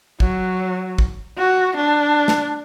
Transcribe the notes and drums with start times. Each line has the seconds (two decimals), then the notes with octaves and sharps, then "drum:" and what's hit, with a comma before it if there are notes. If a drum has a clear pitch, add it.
0.20 F#3, drum: kick
0.98 drum: kick
1.38 F#4
1.76 D4
2.28 drum: snare